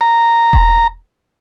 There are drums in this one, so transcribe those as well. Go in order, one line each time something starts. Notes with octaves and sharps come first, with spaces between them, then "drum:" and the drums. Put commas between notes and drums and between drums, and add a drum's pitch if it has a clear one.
A#5
drum: kick E1